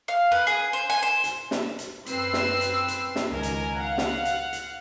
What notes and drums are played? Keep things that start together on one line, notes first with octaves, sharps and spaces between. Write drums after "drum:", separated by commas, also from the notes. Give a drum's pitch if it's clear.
F5
B4
G#4
C5
G#5
C5
drum: hi-hat
drum: snare
drum: hi-hat
F#2 C4 B4 E6 C7, drum: hi-hat
drum: snare
drum: hi-hat
drum: hi-hat
drum: snare
C#2 D#3 A#4 G#5
drum: hi-hat
F5 F#5
drum: snare
drum: hi-hat
drum: hi-hat